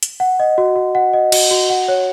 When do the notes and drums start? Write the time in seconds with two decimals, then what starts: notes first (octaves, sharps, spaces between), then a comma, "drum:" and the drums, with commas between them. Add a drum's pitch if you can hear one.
0.03 drum: hi-hat
0.20 F#5
0.40 D#5
0.58 F#4
0.76 F#4
0.95 F#5
1.13 D#5
1.32 F#4, drum: cymbal
1.51 F#4
1.70 F#5
1.88 C#5